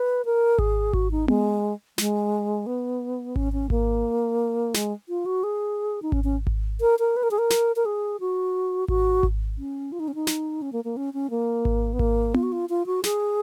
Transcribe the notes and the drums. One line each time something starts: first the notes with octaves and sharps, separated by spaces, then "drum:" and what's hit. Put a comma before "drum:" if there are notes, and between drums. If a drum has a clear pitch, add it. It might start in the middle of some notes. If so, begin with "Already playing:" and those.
Already playing: B4
A#4
G#4, drum: kick G#1
F#4, drum: kick G#1
D#4
G#3, drum: tom B3
G#3, drum: snare
B3
C#4, drum: kick G#1
C#4
A#3, drum: kick G#1
G#3, drum: snare
F4
F#4
G#4
D#4
C#4, drum: kick G#1
C#4
drum: kick G#1
A#4
A#4
B4
A#4
G#4
A#4
drum: snare
A#4
G#4
F#4
F#4, drum: kick G#1
drum: kick G#1
C#4
F4
D#4
C#4
D#4
drum: snare
C#4
A#3
A#3
C#4
C#4
A#3
drum: kick G#1
B3
A#3, drum: kick G#1
F4, drum: tom B3
F#4
F4
F4
F#4
G#4, drum: snare